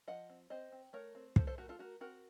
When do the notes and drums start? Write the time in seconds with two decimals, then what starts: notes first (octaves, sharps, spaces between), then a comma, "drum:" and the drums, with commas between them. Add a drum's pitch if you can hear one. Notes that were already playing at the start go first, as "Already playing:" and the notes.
0.08 F3 D#5 F#5
0.29 C4
0.50 C4 C5 D#5
0.72 C4
0.93 A3 A#4 C#5
1.15 C4
1.36 F3 A4 C5, drum: kick
1.47 A4 C5
1.58 A3 F#4 A#4
1.69 F4 A4
1.79 A3 F#4 A#4
2.00 C4 F#4 A#4